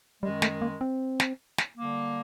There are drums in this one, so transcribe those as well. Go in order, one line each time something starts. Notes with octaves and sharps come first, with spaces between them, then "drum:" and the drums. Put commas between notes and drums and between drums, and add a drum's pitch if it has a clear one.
F#2 D#3 G3 G#3
A3, drum: snare
A#3
C4
drum: snare
drum: snare
D3 G3 A#3